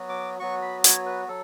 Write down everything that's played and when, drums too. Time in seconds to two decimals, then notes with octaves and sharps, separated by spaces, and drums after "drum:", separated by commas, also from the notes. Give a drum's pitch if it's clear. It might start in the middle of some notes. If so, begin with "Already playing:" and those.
Already playing: F#3 B3 F#4
0.09 D6
0.39 F#3 B3 F#4 C#6
0.62 B5
0.84 C#5, drum: hi-hat
1.06 B4
1.28 F#3 A4